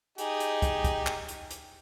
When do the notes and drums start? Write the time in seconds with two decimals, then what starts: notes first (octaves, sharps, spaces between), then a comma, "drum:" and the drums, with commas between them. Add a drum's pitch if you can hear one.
0.18 D#4 G4 G#4, drum: hi-hat
0.40 drum: hi-hat
0.62 drum: kick, hi-hat
0.84 drum: kick, hi-hat
1.06 drum: clap
1.29 drum: hi-hat
1.51 drum: hi-hat